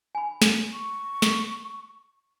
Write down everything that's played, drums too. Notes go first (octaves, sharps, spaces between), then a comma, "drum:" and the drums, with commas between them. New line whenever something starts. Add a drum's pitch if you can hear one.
G#5 B5
drum: snare
C#6
drum: snare